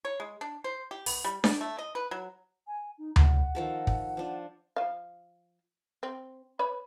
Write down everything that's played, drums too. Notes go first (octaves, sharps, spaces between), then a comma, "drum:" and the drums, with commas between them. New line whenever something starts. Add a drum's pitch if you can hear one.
C#5
G#3
D4
C5
G4
B3, drum: open hi-hat
G3
D5, drum: snare D4
A3
D#5
B4
F#3
G#5
D#4
F#5, drum: tom D2
D#3 F3 A4
drum: kick
F3 D4
F3 F5
C4
B4 C#5 B5